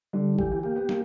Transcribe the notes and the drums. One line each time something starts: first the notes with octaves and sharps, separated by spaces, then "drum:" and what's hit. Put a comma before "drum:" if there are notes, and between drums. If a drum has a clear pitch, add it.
D3 G3
D3
E3 G4, drum: kick
E3
A#3 G4
B3
A#3, drum: snare